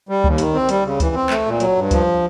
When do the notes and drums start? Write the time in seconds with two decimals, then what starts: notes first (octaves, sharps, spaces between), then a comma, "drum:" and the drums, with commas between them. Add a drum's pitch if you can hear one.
0.09 G3
0.24 D#2, drum: kick C#2
0.38 D#3, drum: hi-hat
0.54 C4
0.69 G3, drum: hi-hat
0.84 C#3
1.00 E3, drum: kick C#2, hi-hat
1.15 C4
1.30 A3, drum: clap
1.46 A#2
1.60 F#3, drum: hi-hat
1.75 G2
1.91 F3, drum: kick C#2, hi-hat